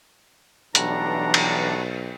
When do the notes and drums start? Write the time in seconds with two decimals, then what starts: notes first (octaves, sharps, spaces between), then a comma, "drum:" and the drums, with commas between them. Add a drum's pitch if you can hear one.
0.75 B1 E3 G3 A3 D4 F#5 A#5, drum: hi-hat
1.34 drum: cymbal